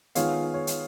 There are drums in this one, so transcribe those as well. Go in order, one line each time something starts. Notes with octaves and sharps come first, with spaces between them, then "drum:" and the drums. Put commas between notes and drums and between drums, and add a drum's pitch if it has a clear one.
D#3 G#3 B3 F4 G#4 C#5 F5, drum: hi-hat
C#5
drum: hi-hat